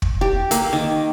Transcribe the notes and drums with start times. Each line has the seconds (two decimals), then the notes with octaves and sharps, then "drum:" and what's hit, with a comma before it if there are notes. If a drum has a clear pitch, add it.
0.02 drum: kick
0.21 G4
0.51 A#3, drum: hi-hat
0.73 D#3